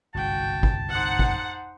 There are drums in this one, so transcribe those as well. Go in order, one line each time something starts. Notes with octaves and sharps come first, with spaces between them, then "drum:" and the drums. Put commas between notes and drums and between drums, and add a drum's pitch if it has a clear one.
G1 C2 G#2 F#4 G5 A5
drum: kick
D#4 C5 F#5
drum: kick